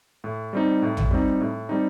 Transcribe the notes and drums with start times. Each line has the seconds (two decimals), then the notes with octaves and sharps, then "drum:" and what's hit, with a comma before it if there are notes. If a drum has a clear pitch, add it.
0.24 A2
0.53 G3 C4 D#4
0.82 A2
0.97 drum: tom A1
1.11 G3 C4 D#4
1.41 A2
1.69 G3 C4 D#4